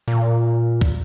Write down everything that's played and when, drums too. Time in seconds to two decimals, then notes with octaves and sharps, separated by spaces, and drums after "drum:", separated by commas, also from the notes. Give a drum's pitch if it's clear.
0.08 A#2
0.81 drum: kick